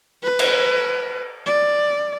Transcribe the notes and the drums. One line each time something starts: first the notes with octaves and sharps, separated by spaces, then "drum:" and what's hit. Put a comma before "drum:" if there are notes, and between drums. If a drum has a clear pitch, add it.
B4
drum: cymbal
D5